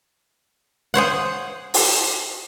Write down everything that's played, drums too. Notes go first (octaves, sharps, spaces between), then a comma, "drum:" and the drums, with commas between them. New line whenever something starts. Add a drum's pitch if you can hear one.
G#4 C5 C#5 F#5
drum: open hi-hat